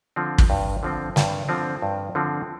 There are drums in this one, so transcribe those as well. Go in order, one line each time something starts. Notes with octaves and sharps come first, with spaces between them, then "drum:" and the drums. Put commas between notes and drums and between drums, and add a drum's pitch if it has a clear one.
D3 F3 C4
drum: kick
G2
D3 F3 C4
G2, drum: snare
D3 F3 C4
G2
D3 F3 C4